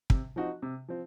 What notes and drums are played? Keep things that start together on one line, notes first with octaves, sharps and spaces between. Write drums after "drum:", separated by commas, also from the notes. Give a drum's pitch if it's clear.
C3, drum: kick
F3 C4 D#4 F#4
C3
F3 C4